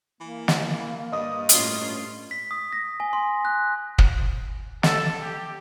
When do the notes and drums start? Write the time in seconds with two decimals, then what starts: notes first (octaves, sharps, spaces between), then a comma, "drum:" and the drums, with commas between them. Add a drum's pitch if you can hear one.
0.21 E3 A#3
0.48 drum: snare
1.12 G2 D#5 D#6
1.49 A2 C#4 F4, drum: hi-hat
2.31 B6
2.51 D#6
2.73 A#6
3.00 G#5
3.13 C6
3.45 F#6
3.98 drum: kick
4.83 A4, drum: snare
5.21 G4